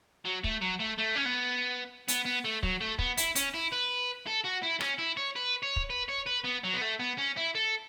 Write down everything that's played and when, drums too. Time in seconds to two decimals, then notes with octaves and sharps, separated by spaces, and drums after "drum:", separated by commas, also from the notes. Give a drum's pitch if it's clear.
0.25 F#3
0.44 A3, drum: kick
0.62 F#3
0.80 A3
0.98 A3
1.16 C#4
1.26 B3
2.08 B3, drum: hi-hat
2.26 B3
2.45 A3
2.63 F#3, drum: kick
2.81 A3
2.99 B3, drum: kick
3.17 E4, drum: hi-hat
3.35 C#4, drum: hi-hat
3.54 E4
3.72 B4
4.27 A4
4.45 F#4
4.63 E4
4.81 C#4, drum: rim click
4.99 E4
5.17 C#5
5.36 B4
5.63 C#5
5.76 drum: kick
5.90 B4
6.09 C#5
6.27 B4
6.45 B3
6.64 F#3
6.74 B3
6.81 A3
6.99 B3
7.18 C#4
7.37 E4
7.55 A4